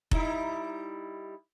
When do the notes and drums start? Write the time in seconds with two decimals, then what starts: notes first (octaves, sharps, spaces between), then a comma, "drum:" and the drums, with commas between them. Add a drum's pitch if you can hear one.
0.11 G3 D#4 E4, drum: kick F1